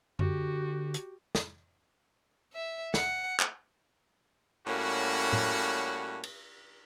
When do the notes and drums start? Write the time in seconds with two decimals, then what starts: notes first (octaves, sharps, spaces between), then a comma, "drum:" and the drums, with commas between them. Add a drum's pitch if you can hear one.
0.19 D3 F#4 G4, drum: tom F#2
0.94 drum: hi-hat
1.35 drum: snare
2.53 E5
2.94 F#5, drum: snare
3.40 drum: clap
4.66 A2 G3 A#3 C#4 F#4
5.33 drum: tom A2
6.23 drum: cymbal